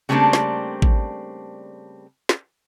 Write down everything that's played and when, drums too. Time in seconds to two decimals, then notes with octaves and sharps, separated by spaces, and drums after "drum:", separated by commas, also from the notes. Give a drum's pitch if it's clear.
0.09 C#3 G3 A3 A#3 C4 D4
0.33 drum: snare
0.82 drum: kick
2.29 drum: snare